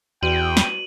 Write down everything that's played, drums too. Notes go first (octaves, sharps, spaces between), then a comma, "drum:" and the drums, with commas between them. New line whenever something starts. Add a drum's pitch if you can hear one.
E2 F#4 B4 D5 G5 D#7 F#7
drum: snare